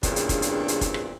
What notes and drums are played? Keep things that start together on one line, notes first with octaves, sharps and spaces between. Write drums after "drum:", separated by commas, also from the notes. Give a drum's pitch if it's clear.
E2 G2 A#2 C#3 C4 D4, drum: kick, hi-hat
drum: hi-hat
drum: kick, hi-hat
drum: hi-hat
drum: hi-hat
drum: kick, hi-hat
drum: rim click